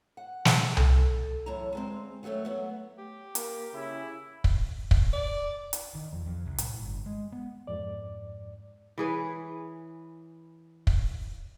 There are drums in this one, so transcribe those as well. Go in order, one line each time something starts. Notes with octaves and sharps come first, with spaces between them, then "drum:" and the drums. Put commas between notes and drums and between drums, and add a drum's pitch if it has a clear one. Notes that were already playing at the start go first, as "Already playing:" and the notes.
F#5
drum: snare
A4, drum: tom C2
F#2 A2 E3 C#5 A5 A#5
D2 G#3 C4
D#3 F#3 G3 A3 C#4
F#3 B3 F#4
G4
A#3, drum: hi-hat
C#3 E4
drum: kick
drum: kick
D5
drum: hi-hat
D#3
F2
F2
C2
A2, drum: hi-hat
G1
G#3
B3
F2 G#2 D5
E3 G#4 B4 C#5
drum: kick